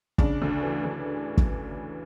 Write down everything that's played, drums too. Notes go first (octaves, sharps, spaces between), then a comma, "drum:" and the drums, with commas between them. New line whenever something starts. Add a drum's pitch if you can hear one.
C#3 D4, drum: kick
D2
E3
D2
drum: kick